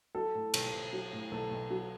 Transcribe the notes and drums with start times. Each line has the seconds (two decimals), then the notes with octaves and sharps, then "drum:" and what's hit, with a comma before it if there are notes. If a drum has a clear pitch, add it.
0.15 F#3 A4
0.35 A2
0.54 B1, drum: cymbal
0.73 B1
0.93 F#3
1.13 A2
1.31 B1 A4
1.51 B1
1.70 F#3